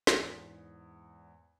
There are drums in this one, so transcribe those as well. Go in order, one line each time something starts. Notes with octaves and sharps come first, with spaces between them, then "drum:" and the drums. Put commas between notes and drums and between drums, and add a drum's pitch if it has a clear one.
E2 G#2, drum: snare